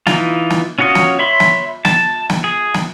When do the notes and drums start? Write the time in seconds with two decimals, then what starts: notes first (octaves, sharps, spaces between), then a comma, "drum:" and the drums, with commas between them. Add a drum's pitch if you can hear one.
0.07 E3 D#4 F4, drum: snare
0.50 drum: snare
0.79 C#4 F4 F#4 C#5 D#5
0.95 drum: snare
1.19 C#5 E5 B5 C6
1.40 drum: snare
1.85 A5, drum: snare
2.30 drum: snare
2.44 G#4
2.74 drum: snare